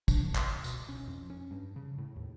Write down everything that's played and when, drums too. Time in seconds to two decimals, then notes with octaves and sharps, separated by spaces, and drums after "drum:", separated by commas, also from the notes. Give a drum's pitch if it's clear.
0.08 D4, drum: kick, tambourine
0.22 F#2
0.35 C#2, drum: clap
0.64 B2, drum: tambourine
0.89 C#4
1.07 F2
1.30 C#4
1.51 G2
1.76 C#3
1.98 A2
2.16 D#2